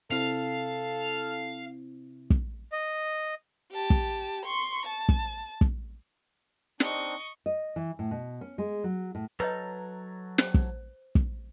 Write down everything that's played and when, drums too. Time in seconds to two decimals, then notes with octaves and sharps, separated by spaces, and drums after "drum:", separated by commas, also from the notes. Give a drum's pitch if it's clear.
0.11 C3 C4 E4 A4 F5
2.30 drum: kick
2.72 D#5
3.72 G4 A5
3.90 drum: kick
4.45 C6 C#6
4.86 A5
5.09 drum: kick
5.61 drum: kick
6.80 C4 D4 D#4 D#5 C#6, drum: snare
7.46 D#5
7.76 E3
7.99 A2
8.11 B2
8.41 C#4
8.58 G#3
8.84 F#3
9.15 A2
9.40 F#3 A4 B4 C#5 D#5 A#5
10.38 C5, drum: snare
10.54 drum: kick
11.15 drum: kick